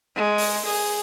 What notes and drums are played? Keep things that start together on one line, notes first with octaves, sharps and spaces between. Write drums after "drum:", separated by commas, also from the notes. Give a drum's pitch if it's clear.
G#3
drum: open hi-hat
G#4, drum: open hi-hat